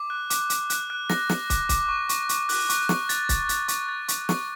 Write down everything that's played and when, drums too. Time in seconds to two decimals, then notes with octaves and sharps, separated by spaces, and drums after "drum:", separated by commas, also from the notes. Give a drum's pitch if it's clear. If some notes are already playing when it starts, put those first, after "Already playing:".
Already playing: D6
0.10 F#6
0.30 D6, drum: hi-hat
0.50 D6, drum: hi-hat
0.70 F#6, drum: hi-hat
0.90 F#6
1.09 A#6, drum: snare
1.29 D6, drum: snare
1.50 D6, drum: kick, hi-hat
1.69 D6, drum: kick, hi-hat
1.89 C#6
2.09 C#6, drum: hi-hat
2.29 C#6, drum: hi-hat
2.49 F#6, drum: open hi-hat
2.69 C#6, drum: hi-hat
2.89 C#6, drum: snare
3.09 A6, drum: hi-hat
3.29 A6, drum: kick, hi-hat
3.49 A6, drum: hi-hat
3.68 C#6, drum: hi-hat
3.89 A6
4.08 C#6, drum: hi-hat
4.29 C#6, drum: snare